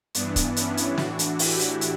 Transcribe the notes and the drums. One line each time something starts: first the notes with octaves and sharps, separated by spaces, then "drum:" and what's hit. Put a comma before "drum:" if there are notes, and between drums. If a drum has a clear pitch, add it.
G2 E3 B3 D4, drum: hi-hat
drum: kick, hi-hat
C#4 E4, drum: hi-hat
drum: hi-hat
A2 E3 D4 F#4, drum: snare
drum: hi-hat
E4 G4, drum: open hi-hat
drum: hi-hat
drum: hi-hat